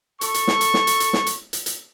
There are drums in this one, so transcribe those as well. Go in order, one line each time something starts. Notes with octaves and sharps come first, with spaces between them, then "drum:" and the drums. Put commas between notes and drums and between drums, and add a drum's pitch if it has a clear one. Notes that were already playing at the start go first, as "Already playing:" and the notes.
A4 C#6, drum: hi-hat
drum: hi-hat
drum: snare
drum: hi-hat
drum: snare
drum: hi-hat
drum: hi-hat
drum: snare
drum: hi-hat
drum: hi-hat
drum: hi-hat